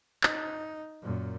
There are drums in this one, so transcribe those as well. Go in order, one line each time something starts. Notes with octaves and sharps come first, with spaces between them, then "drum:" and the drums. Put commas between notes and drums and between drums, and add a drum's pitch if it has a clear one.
D#4, drum: clap
F#2 A#2